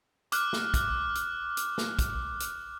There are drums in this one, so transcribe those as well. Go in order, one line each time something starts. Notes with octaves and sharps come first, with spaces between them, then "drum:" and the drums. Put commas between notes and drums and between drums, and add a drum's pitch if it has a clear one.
D6 F6 F#6, drum: hi-hat
drum: snare
drum: kick, hi-hat
drum: hi-hat
drum: hi-hat
drum: snare
drum: kick, hi-hat
drum: hi-hat